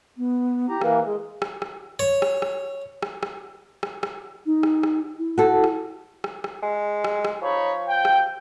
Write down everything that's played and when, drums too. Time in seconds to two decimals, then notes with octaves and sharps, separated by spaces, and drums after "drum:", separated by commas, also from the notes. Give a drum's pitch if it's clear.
0.17 B3
0.69 E4 G4 A#5
0.81 E3 A#3 A#4 B4, drum: rim click
1.05 G#3 G#4
1.42 drum: rim click
1.62 drum: rim click
1.99 C#5
2.22 drum: rim click
2.42 drum: rim click
3.02 drum: rim click
3.23 drum: rim click
3.83 drum: rim click
4.03 drum: rim click
4.46 D#4
4.63 drum: rim click
4.83 drum: rim click
5.19 E4
5.38 F#4 A4
5.64 drum: rim click
6.24 drum: rim click
6.44 drum: rim click
6.62 G#3
7.04 drum: rim click
7.25 drum: rim click
7.42 F3 D#4 C#5 B5
7.88 G5
8.05 drum: rim click